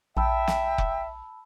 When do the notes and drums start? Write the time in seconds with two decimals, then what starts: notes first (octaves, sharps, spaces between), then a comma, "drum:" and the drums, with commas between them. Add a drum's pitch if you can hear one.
0.17 A#1 E5 G5 A5 B5 E6
0.47 drum: snare
0.78 drum: kick F1